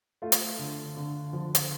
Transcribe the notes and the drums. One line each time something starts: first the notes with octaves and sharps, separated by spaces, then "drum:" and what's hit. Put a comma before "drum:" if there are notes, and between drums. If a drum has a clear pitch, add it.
A3 F4
drum: hi-hat
D3
D3
F3
drum: hi-hat